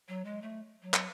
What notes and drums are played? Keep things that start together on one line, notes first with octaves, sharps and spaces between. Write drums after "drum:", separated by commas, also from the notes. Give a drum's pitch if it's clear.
F#3
G#3
A3
F#3
drum: clap